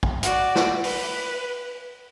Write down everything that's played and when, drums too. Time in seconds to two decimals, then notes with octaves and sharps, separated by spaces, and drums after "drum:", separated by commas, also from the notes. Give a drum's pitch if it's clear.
0.03 drum: kick
0.23 F#4 D5, drum: hi-hat
0.55 drum: snare
0.84 B4, drum: open hi-hat